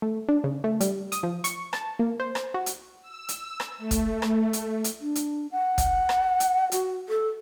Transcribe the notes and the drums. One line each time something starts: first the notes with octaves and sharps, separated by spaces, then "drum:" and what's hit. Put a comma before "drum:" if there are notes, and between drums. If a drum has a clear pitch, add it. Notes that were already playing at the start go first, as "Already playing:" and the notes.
A3
D4
C#3
A3
G3, drum: hi-hat
D#6, drum: hi-hat
F3
C#6, drum: hi-hat
A5, drum: rim click
A#3
C5
drum: rim click
F#4
drum: hi-hat
E6
drum: hi-hat
drum: rim click
A3
drum: kick, hi-hat
drum: rim click
drum: hi-hat
drum: hi-hat
D4
drum: hi-hat
F#5
drum: kick, hi-hat
drum: rim click
drum: hi-hat
F#4, drum: hi-hat
A4